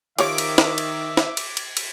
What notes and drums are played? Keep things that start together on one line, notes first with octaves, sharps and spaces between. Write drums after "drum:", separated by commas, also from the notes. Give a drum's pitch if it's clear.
D#3 F3 G4 C#5 E5 D6, drum: cymbal
drum: cymbal
drum: snare
drum: cymbal
drum: snare
drum: cymbal
drum: cymbal
drum: cymbal